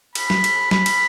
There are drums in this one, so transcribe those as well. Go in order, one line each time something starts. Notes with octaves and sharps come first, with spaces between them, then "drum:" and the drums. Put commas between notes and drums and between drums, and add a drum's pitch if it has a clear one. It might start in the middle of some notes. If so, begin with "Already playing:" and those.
B5, drum: cymbal
drum: snare
drum: cymbal
B5, drum: snare
drum: cymbal